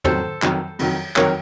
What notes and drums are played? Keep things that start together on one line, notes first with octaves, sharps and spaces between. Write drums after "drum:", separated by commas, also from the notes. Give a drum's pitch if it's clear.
F2 D#3 F#3 A4 C5, drum: tom
F2 D#3 F#3, drum: clap
F2 D#3 F#3, drum: cymbal
F2 D#3 F#3 A#4 C#5, drum: clap